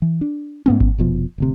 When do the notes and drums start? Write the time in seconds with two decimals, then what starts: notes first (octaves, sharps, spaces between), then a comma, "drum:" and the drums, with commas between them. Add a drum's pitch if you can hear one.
0.02 E3
0.21 D4
0.66 G#2 B3 C#4, drum: tom
0.81 drum: kick G1
0.98 F1 B2 F3
1.38 D1 D2 C3